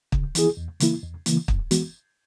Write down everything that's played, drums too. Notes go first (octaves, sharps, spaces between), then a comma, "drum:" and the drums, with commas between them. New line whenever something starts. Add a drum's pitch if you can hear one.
C#3, drum: kick
E3 B3 E4 G#4, drum: hi-hat
E2
C#3 E3 A#3 E4, drum: hi-hat
E2
C#3 E3 A#3 E4, drum: hi-hat
F#2, drum: kick
E3 G#3 B3 F#4, drum: hi-hat